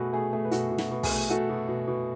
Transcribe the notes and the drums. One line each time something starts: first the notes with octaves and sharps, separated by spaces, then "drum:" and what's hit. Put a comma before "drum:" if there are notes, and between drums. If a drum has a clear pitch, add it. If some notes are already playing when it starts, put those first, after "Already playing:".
Already playing: B2 A3 F#4 G#4 A4 B4
A3 G#4
A3 G#4
B4
B2 F#4 A4, drum: hi-hat
B2
F#4, drum: snare
B2
G#4, drum: kick, open hi-hat
A3
A3 F#4 A4
B2
B2
B2